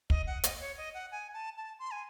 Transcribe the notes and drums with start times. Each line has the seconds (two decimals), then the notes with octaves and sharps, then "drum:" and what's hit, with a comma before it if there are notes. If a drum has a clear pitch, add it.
0.10 D#5, drum: kick
0.27 F#5
0.43 D#5, drum: hi-hat
0.60 C#5
0.77 D#5
0.94 F#5
1.12 G#5
1.34 A5
1.57 A5
1.79 C6
1.91 G#5